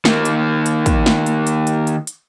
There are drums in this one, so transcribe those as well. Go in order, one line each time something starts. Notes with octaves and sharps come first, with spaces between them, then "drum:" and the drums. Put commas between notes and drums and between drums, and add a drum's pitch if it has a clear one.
D#3 A#3, drum: snare
drum: hi-hat
drum: hi-hat
drum: kick, hi-hat
drum: snare
drum: hi-hat
drum: hi-hat
drum: hi-hat
drum: hi-hat
drum: hi-hat